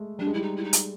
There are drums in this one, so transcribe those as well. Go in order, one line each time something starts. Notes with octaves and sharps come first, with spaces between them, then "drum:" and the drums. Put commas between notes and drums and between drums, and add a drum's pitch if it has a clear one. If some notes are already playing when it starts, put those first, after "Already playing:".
Already playing: G#3 A3
G3 D4
G#3
G3 E4
D#4
E4
D#4
drum: hi-hat